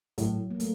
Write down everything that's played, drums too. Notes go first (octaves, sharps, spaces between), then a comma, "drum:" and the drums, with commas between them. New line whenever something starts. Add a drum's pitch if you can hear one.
A2 F#3, drum: kick, hi-hat
A#3
A3, drum: hi-hat